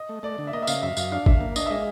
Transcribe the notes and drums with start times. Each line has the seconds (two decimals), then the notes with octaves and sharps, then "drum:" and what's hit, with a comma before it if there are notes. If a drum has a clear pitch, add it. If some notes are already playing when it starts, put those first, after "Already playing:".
Already playing: D#5
0.09 A3
0.23 A3 D5
0.38 D3
0.47 E5
0.53 A#3 D#5
0.62 E5
0.67 C#3 F5, drum: tambourine
0.82 F#2 E5
0.97 F#2 F5, drum: tambourine
1.12 D4 F5
1.26 D3 E5, drum: kick
1.41 A#3
1.56 D4 D#5, drum: tambourine
1.66 E5
1.71 G#3 D#5